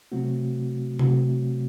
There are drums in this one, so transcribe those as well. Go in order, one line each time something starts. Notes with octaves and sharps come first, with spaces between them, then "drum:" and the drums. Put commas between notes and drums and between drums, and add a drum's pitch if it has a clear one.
C3 F#3 A3 C4 F#4
C3 F#3 A3 C4 F#4, drum: tom C3